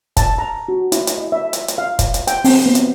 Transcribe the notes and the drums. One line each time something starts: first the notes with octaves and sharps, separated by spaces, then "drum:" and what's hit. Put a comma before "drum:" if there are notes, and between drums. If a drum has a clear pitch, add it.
A5, drum: kick, hi-hat
A#5
F#4
E4, drum: hi-hat
drum: hi-hat
D#5
E5
drum: hi-hat
drum: hi-hat
F5
drum: kick, hi-hat
drum: hi-hat
G5, drum: hi-hat
C4, drum: open hi-hat
B3
drum: hi-hat